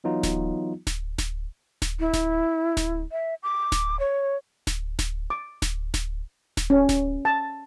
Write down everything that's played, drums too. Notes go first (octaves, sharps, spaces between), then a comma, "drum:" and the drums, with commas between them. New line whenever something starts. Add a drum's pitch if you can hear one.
E3 F#3 B3 D#4 F4
drum: snare D1
drum: snare D1
drum: snare D1
drum: snare D1
E4
drum: snare D1
drum: snare D1
E5
D6
drum: snare D1
C#5
drum: snare D1
drum: snare D1
D6
drum: snare D1
drum: snare D1
drum: snare D1
C#4
drum: snare D1
A5